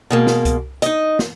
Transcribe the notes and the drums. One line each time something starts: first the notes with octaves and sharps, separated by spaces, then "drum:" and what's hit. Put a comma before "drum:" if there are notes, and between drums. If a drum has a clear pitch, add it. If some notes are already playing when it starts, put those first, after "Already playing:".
B2 G#3 A#3
drum: snare
drum: kick C2, hi-hat
D#4 D#5, drum: hi-hat
drum: snare